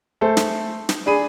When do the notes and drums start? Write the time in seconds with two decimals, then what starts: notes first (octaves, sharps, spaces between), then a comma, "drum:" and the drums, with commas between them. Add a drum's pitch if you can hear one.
0.21 A3 A4 C5
0.37 drum: snare
0.89 drum: snare
1.06 D4 G#4 B5 D#7